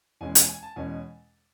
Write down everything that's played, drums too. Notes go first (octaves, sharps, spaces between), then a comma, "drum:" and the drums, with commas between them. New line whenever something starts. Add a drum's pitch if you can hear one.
E2 B2 G#3 C#4 G#5
G#5, drum: hi-hat
G#5
A5
E2 B2 G#3 C#4 G#5